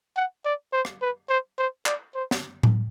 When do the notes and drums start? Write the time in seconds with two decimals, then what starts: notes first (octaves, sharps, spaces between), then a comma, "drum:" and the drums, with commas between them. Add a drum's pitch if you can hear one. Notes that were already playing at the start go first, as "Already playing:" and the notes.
0.16 F#5
0.45 D5
0.73 C5
0.85 drum: rim click
1.02 B4
1.29 C5
1.58 C5
1.86 D5, drum: clap
2.15 C5
2.31 drum: snare
2.63 drum: tom A2